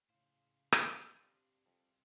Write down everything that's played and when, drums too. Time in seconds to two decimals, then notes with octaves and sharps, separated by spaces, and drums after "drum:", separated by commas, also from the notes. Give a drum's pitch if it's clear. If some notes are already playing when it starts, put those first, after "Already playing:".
0.09 A2 C#3 C5 F5
0.72 drum: rim click
0.89 G#2 F3 C4 D4 C#6 D#6 F6
1.20 G2 F3 F4 G4
1.66 F2 C3 G3